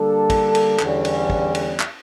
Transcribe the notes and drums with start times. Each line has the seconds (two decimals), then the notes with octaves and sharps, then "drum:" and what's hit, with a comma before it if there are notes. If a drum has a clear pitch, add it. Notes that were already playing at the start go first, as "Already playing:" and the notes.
Already playing: D3 G3 A#3 D4 A4
0.30 drum: kick, cymbal
0.55 drum: cymbal
0.79 E2 D3 G3 C#4, drum: clap
1.05 drum: cymbal
1.30 drum: kick
1.55 drum: cymbal
1.80 drum: clap